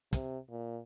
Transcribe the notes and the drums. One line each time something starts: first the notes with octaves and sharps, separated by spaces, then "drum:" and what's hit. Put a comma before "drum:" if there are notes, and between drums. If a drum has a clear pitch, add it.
C3, drum: kick, hi-hat
A#2